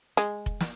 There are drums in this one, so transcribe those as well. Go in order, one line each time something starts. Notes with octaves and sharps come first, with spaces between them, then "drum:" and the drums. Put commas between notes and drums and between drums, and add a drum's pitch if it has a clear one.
G#3, drum: hi-hat
drum: kick F1
drum: snare